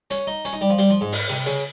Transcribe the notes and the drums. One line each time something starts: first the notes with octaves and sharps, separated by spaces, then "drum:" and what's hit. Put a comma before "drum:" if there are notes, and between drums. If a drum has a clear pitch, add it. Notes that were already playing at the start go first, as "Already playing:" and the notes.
C#4, drum: hi-hat
D#4
C#4, drum: hi-hat
D#4
G3
F3
G3, drum: hi-hat
F3
G#2
drum: open hi-hat
C3
C#3, drum: hi-hat